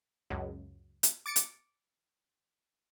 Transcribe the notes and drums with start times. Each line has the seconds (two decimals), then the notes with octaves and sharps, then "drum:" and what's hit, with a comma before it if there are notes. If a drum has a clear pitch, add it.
0.30 C#2 F#2
1.03 drum: hi-hat
1.26 D6 A6 C#7 D7
1.36 drum: hi-hat